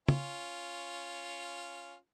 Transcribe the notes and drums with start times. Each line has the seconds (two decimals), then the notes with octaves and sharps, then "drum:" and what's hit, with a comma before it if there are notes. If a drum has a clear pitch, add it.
0.08 C#4 F4, drum: tom